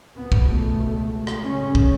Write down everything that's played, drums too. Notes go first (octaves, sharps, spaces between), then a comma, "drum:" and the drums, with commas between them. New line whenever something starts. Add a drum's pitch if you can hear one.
C#2 B2 B3
drum: kick
A3
drum: rim click
F#2 C#3 C#4
drum: kick